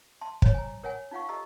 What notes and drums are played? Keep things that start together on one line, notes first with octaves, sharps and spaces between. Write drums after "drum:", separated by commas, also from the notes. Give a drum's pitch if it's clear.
E5 A5 C6
C5 C#5, drum: kick
G#5 A#5
A#4 C#5 E5 F#5 G#5
D#4 F4 F5 F#5 C#6
G4 A4 D#5 E5 A#5 E6